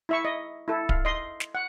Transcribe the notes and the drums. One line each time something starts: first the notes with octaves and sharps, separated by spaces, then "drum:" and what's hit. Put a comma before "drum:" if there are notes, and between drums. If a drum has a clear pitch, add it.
E4 E5 C#6
D#5
E4 A4
F5, drum: kick D1
D#5 C6
drum: snare
F#5